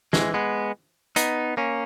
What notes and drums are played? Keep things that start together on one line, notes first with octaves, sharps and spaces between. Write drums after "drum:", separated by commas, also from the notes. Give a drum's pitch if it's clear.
E3 G#3, drum: snare
G#3 B3
B3 D#4, drum: hi-hat
A#3 C#4